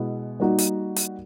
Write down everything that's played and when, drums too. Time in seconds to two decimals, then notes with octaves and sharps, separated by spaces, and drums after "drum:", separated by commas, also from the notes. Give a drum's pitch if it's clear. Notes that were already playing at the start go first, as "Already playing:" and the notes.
Already playing: B2 G#3 B3 E4
0.40 G3 A#3 D#4 F#4
0.58 drum: hi-hat
0.96 drum: hi-hat